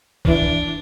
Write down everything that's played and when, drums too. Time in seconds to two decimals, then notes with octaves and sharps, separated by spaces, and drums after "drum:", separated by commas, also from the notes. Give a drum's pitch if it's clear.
0.25 E3 D4, drum: kick